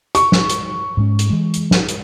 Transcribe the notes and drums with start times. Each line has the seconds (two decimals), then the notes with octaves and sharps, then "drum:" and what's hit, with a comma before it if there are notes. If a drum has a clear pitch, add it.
0.15 C#6, drum: hi-hat
0.32 drum: snare
0.49 drum: hi-hat
0.97 G#2 G#3 C#4
1.19 drum: hi-hat
1.30 E3 G#3
1.54 drum: hi-hat
1.71 drum: snare
1.89 drum: hi-hat